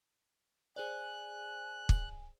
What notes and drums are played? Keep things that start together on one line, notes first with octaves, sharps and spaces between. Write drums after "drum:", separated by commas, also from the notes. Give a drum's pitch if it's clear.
G#4 C5 D5 G#5 F#6
drum: kick